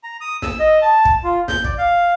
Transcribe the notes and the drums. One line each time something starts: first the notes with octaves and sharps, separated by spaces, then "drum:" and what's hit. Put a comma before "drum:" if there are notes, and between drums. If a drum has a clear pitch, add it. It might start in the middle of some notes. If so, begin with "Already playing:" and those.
A#5
D#6
E6, drum: snare
D#5
A5
drum: kick
F4
G6, drum: snare
D5, drum: kick
F5